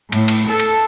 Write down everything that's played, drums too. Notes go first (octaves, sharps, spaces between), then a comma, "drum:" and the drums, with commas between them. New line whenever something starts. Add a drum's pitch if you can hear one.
A2, drum: cymbal
drum: cymbal
A4
drum: cymbal